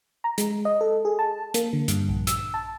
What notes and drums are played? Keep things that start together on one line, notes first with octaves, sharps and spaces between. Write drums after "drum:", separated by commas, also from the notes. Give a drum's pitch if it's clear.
A#5
G#3, drum: hi-hat
D#5
A4
G#4
A5
A#3, drum: hi-hat
D3
G2, drum: hi-hat
A#1
E6, drum: hi-hat
A5